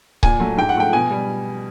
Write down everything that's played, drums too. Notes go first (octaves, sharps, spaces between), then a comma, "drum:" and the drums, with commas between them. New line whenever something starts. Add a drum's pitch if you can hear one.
A#2 G#5, drum: kick C#1
F#3 A3
G#2 G5
F#5
F3 A3 G5
B2 G#5
G3